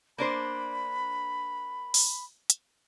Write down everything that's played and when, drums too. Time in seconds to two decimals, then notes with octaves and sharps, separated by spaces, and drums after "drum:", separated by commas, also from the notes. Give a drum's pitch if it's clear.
0.18 A#3 D4 C5 B5
1.94 drum: open hi-hat
2.50 drum: hi-hat